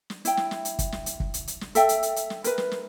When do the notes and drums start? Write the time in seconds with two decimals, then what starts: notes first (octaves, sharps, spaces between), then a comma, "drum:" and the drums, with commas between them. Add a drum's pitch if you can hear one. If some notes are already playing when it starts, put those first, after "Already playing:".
0.10 drum: snare
0.25 E4 G5, drum: hi-hat
0.37 drum: snare
0.51 drum: snare
0.65 drum: hi-hat
0.79 drum: kick, hi-hat
0.92 drum: snare
1.06 drum: hi-hat
1.20 drum: kick
1.34 drum: hi-hat
1.47 drum: hi-hat
1.61 drum: snare
1.75 A4 E5 G5, drum: hi-hat
1.89 drum: hi-hat
2.03 drum: hi-hat
2.16 drum: hi-hat
2.30 drum: snare
2.44 A#4 B4, drum: hi-hat
2.58 drum: snare
2.71 drum: snare